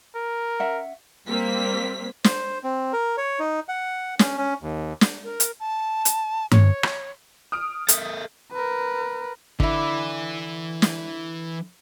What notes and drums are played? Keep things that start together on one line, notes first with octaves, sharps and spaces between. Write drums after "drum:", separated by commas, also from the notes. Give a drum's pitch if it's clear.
A#4
C#4 E5 F#5
G3 A#3 C4 B6
C5, drum: snare
C4
A#4
C#5
D#4
F#5
C#4, drum: snare
C#4
D#2
drum: snare
A#4
drum: hi-hat
A5
drum: hi-hat
C#5, drum: tom G2
drum: rim click
D#6 F6 D7
A4 A#4 E5, drum: hi-hat
A#4 B4
D3 E3 E4, drum: kick
drum: snare